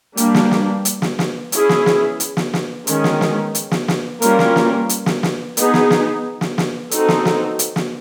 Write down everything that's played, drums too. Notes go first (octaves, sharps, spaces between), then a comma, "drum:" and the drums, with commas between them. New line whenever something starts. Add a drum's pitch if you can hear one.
G3 A#3 D4, drum: hi-hat
drum: snare
drum: snare
drum: hi-hat
drum: snare
drum: snare
C#4 E4 G#4, drum: hi-hat
drum: snare
drum: snare
drum: hi-hat
drum: snare
drum: snare
D#3 G#3 C#4, drum: hi-hat
drum: snare
drum: snare
drum: hi-hat
drum: snare
drum: snare
G3 A#3 C#4 F4 A#4, drum: hi-hat
drum: snare
drum: snare
drum: hi-hat
drum: snare
drum: snare
B3 D#4 G#4, drum: hi-hat
drum: snare
drum: snare
drum: snare
drum: snare
C4 D#4 F#4 A4, drum: hi-hat
drum: snare
drum: snare
drum: hi-hat
drum: snare